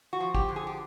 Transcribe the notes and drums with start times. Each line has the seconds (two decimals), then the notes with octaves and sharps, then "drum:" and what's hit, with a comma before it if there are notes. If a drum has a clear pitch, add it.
0.13 F#4
0.20 F3
0.35 G4, drum: kick
0.49 D3
0.56 G#4
0.67 G4